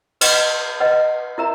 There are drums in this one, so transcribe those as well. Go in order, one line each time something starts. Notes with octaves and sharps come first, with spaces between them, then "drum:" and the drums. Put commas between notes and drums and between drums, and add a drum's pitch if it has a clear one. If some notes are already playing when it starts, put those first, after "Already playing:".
B4 D#5 F#5, drum: cymbal
B4 D#5 F#5
E4 A#4 E5 A#5